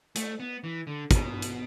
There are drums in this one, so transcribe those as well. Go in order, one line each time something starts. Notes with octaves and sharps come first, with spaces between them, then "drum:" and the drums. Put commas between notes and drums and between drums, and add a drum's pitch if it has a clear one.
A3, drum: hi-hat
B3
E3
D3
B2, drum: kick, hi-hat
drum: hi-hat